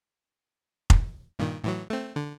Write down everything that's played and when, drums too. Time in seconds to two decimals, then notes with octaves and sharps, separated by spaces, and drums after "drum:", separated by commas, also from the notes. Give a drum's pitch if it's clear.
0.90 drum: kick F1
1.39 G2 A#2 D#3
1.64 A2 E3 F#3
1.90 A3 C4
2.16 D3